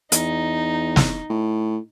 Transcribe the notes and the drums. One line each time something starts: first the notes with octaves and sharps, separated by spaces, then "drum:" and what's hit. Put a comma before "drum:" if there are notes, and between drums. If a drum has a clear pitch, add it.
E2 D#4, drum: hi-hat
drum: snare
A2